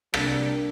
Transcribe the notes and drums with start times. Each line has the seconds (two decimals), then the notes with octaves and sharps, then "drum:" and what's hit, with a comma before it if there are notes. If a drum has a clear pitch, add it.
0.14 C3 G3 A#3 D4 A4, drum: rim click